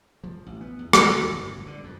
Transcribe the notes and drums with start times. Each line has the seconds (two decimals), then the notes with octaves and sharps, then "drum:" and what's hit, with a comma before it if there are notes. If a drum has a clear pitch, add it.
0.23 F3
0.46 A1
0.61 B3
0.79 E2
0.93 A2, drum: rim click
1.07 C#3
1.20 D#2
1.33 G1
1.51 A2
1.67 D3
1.84 F2